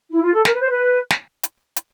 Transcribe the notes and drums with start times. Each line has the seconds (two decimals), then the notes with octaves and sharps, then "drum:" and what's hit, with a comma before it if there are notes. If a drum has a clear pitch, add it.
0.11 E4
0.22 F4
0.34 A4
0.45 A#4, drum: snare
0.53 B4
0.61 C5
0.69 B4
1.10 drum: snare
1.43 drum: hi-hat
1.76 drum: hi-hat